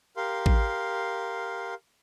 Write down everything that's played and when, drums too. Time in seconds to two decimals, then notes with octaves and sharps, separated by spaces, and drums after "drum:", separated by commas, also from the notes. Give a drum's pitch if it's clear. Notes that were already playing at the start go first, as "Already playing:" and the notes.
0.17 G4 A#4 F5 C6
0.46 drum: kick